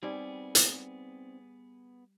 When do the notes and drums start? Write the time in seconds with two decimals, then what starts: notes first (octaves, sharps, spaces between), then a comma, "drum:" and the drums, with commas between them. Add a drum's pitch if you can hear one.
0.03 G3 B3 C4 D#4 G#4 D5
0.55 drum: hi-hat